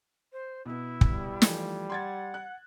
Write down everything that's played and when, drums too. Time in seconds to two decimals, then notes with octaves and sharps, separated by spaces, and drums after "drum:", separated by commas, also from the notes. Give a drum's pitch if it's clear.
0.32 C5
0.66 B2 B3 E4
1.01 drum: kick
1.12 G3
1.42 E3 F3 A3, drum: snare
1.90 F#5 C6 G#6 A6
2.34 F#6